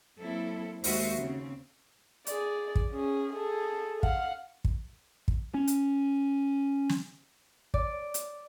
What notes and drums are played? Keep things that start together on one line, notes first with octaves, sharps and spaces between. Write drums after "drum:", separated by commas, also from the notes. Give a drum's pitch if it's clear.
F#3 A#3 C4 E4 A4
D#2 G#3 F#4 C5 E5, drum: open hi-hat
C#3 C4
G#4 D5, drum: hi-hat
drum: kick
C#4 G#4
G#4 A4
F5 F#5, drum: kick
drum: kick
drum: kick
C#4
drum: hi-hat
drum: snare
D5, drum: kick
drum: hi-hat